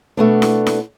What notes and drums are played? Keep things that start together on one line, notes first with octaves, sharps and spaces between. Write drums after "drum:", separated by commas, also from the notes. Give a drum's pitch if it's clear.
B2 A3 B3 D4
drum: snare E4
drum: snare E4